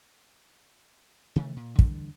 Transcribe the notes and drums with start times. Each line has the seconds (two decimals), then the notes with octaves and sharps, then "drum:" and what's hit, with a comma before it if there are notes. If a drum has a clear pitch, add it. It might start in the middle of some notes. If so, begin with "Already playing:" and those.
1.36 C3 D#3 E3 A3
1.56 A#2
1.79 D3 E3 G3, drum: kick